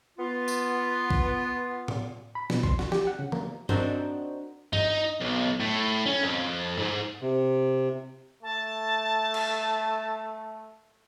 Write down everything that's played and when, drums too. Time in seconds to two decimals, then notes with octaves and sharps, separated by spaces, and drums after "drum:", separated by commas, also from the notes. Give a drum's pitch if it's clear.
0.18 B3 F4
0.48 drum: tambourine
1.10 drum: kick
1.88 drum: tom A2
2.35 B5
2.50 B2, drum: snare
2.63 C6, drum: kick
2.79 F#4, drum: snare
2.92 G4, drum: snare
3.07 F#5
3.19 C#3
3.32 A#3, drum: tom D#3
3.69 C4 D4 D#4 F#4 A#4 C5, drum: tom G2
4.73 D#4, drum: tom G2
5.21 B1
5.60 A2
6.06 C#4
6.23 F2
6.78 G#2
7.21 C3
8.43 A3 A5
9.34 drum: cymbal